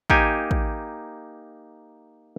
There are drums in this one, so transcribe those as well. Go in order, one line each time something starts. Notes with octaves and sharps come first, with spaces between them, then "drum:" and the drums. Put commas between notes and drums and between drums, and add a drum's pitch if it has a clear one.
A#3 D#4 G4 G#5, drum: kick
drum: kick